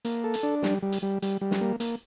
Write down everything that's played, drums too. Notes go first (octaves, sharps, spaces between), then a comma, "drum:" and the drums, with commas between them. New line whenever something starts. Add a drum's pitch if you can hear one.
A#3, drum: hi-hat
A4
drum: hi-hat
D4
G3, drum: snare
G3
drum: hi-hat
G3
G3, drum: hi-hat
G3
drum: snare
A#3
A#3, drum: hi-hat